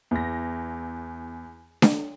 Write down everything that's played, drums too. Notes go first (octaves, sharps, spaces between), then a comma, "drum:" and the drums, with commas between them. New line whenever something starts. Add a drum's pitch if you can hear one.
E2 A#6
drum: snare D4